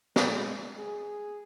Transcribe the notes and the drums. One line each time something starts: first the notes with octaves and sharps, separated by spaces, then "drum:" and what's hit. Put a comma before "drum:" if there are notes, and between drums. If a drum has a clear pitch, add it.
G#3, drum: snare
G#4